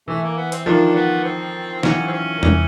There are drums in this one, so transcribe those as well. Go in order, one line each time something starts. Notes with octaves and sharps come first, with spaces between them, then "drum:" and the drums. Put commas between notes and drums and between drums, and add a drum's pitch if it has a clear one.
E3 A3
A#3
B3
C4, drum: hi-hat
D#3 F3 D4
B3
C4
E3 F#3 C#4, drum: snare
C4
C#4
D#3
E3, drum: tom E2